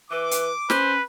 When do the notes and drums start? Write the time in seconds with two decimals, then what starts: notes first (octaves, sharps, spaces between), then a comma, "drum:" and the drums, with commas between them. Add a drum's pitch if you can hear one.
0.11 E3 B4 D6
0.31 drum: hi-hat
0.70 C#4 B4 C5, drum: snare